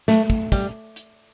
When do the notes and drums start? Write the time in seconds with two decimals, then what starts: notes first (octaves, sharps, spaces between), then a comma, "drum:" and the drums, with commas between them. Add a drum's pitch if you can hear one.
0.08 A3, drum: snare
0.30 drum: kick
0.52 G3, drum: kick, hi-hat
0.96 drum: hi-hat